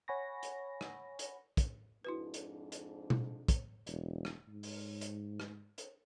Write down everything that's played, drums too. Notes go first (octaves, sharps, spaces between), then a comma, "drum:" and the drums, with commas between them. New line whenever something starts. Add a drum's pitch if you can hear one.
C#5 F#5 G#5 B5 C#6 A#6
drum: hi-hat
drum: rim click
drum: hi-hat
drum: kick, hi-hat
F2 G#2 D4 E4 F#4 B4
drum: hi-hat
drum: hi-hat
drum: tom B2
drum: kick, hi-hat
E1, drum: hi-hat
drum: rim click
G#2
drum: open hi-hat
drum: hi-hat
drum: rim click
drum: hi-hat